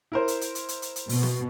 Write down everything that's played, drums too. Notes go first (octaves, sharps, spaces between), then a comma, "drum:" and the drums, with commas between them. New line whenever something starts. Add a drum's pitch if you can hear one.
E4 A#4 C5
drum: hi-hat
drum: hi-hat
drum: hi-hat
drum: hi-hat
drum: hi-hat
drum: hi-hat
B2, drum: open hi-hat
drum: snare